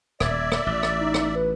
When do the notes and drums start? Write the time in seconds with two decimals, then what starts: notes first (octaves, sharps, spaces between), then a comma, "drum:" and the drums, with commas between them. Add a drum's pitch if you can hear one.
0.20 D#1 D5 E5 G#6, drum: rim click
0.52 drum: rim click
0.66 A1 A6
0.83 drum: rim click
1.01 D#4
1.14 drum: rim click
1.35 B4